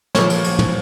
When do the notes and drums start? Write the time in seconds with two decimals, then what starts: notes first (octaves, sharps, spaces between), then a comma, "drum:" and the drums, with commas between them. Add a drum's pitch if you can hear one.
0.15 A#2 F3 C#5, drum: snare
0.30 drum: cymbal
0.44 drum: cymbal
0.59 drum: tom